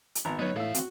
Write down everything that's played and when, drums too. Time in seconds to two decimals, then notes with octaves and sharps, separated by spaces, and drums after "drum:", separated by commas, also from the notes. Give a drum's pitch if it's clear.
0.15 drum: hi-hat
0.25 G#1 B3 A#5
0.39 D2 F#3 B3 D#4 B4 C#5
0.56 A2 E3 A3 E5 F5
0.74 C4 F#4, drum: hi-hat